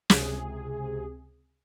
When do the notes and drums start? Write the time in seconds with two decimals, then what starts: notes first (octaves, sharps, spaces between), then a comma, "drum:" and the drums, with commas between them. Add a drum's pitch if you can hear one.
0.10 C#2 C3 G#4, drum: snare